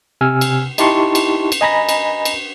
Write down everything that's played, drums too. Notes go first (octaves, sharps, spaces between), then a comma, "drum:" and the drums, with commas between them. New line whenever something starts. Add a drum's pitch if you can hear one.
C3 G#5 E6 F6
drum: cymbal
D#4 E4 G4 A5 C6 C#6, drum: cymbal
drum: cymbal
drum: cymbal
D#5 G#5 A#5 B5 A#6
drum: cymbal
drum: cymbal